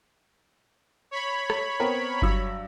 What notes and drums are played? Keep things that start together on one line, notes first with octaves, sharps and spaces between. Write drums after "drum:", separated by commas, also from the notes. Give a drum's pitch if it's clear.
C#5 B5
drum: rim click
B3 C4 A#4
G2 F#3 E6, drum: kick F#1